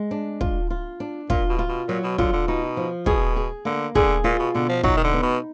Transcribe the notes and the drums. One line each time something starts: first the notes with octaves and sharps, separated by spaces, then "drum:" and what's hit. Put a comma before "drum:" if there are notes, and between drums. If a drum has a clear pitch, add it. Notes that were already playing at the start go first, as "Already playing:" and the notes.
Already playing: G#3
D4
F4, drum: kick
F4
D4
A#2 F4, drum: kick
B2
F4
B2
A#2 F#3
B2
D3 F4, drum: kick
D3
B2 D#4
F3
B2 G#4, drum: kick
G#4
D3 A#3
D3 G#4, drum: kick
A#2 F4
B2
B2 D3
F3
F#3 D#4, drum: kick
D#3
D3
B3
B2